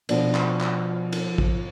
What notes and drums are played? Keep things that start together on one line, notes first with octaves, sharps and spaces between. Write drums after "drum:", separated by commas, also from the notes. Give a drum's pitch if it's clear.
B2 F3 D4, drum: cymbal
drum: clap
drum: clap
drum: cymbal
drum: kick